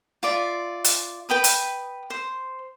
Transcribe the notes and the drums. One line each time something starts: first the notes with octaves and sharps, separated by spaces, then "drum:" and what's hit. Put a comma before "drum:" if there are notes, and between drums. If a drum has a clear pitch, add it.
F4 D5 E5
drum: hi-hat
B4 G5 B5 D#6
drum: hi-hat
C5